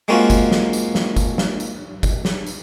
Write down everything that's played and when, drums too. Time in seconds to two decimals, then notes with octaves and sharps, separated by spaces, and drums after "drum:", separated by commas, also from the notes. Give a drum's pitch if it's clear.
0.08 G#3 A#3 C4 C#4 F4 F#4
0.30 drum: kick G1, tambourine
0.52 drum: snare
0.73 drum: tambourine
0.95 drum: snare
1.16 drum: kick G1, tambourine
1.38 drum: snare
1.60 drum: tambourine
2.03 drum: kick G1, tambourine
2.25 drum: snare
2.46 drum: tambourine